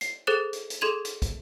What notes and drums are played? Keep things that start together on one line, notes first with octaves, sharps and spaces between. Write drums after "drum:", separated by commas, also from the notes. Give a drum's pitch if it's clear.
C7, drum: hi-hat
G#4 A4 C5 F#6 A6 E7
drum: hi-hat
drum: hi-hat
G#4 A4 C6 G#6 D#7 F7
drum: hi-hat
drum: kick, hi-hat